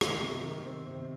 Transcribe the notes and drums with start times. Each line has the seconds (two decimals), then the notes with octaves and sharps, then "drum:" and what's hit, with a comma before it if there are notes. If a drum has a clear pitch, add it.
0.01 D#3, drum: rim click
0.22 C3
0.44 D#3
0.65 C4
0.87 C3